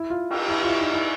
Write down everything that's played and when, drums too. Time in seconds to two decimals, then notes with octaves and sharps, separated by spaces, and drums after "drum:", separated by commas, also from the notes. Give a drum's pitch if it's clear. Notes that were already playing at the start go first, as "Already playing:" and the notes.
Already playing: E4
0.10 F4
0.30 drum: cymbal
0.49 E4
0.63 F4
0.68 E4
0.81 D#4
0.94 E4